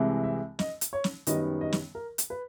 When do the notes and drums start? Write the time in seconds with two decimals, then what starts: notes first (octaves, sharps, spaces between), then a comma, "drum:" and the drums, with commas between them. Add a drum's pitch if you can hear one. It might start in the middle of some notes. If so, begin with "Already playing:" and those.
Already playing: C2 C3 E3 G#3
0.24 E5
0.59 D#5, drum: snare
0.81 drum: hi-hat
0.93 C#5
1.04 drum: snare
1.27 F#2 D#3 G3 B3 D#5, drum: hi-hat
1.61 D#5
1.73 drum: snare
1.95 A#4
2.18 drum: hi-hat
2.30 B4